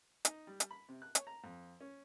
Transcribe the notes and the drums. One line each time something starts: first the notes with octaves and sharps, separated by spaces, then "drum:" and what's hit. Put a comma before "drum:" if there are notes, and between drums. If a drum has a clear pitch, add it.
D#4, drum: hi-hat
G3
drum: hi-hat
B5
C3
F#6
C#5, drum: hi-hat
A#5
F2
C#4